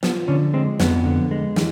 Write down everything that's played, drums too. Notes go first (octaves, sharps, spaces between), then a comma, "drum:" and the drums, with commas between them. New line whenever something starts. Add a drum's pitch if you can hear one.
F3 B3, drum: snare
D3 C#4
G#3 C4
F2 B3, drum: snare
D3
G#3
E3, drum: snare